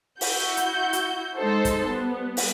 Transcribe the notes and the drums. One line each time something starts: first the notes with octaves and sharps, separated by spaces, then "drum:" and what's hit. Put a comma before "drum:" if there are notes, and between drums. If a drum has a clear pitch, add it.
E4 F#4 G6, drum: open hi-hat
drum: hi-hat
drum: hi-hat
G#3 D#4 A4 C5
drum: kick, hi-hat
G3 B3
drum: open hi-hat